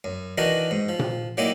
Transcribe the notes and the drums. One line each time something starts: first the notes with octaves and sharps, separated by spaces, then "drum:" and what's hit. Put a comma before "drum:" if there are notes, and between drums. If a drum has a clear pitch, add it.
F#2
D#3 E3 D4 D#4 F#4 A#4
G#2
F3
drum: tom A#2
F#3 G3 A#3 D#4 E4 G4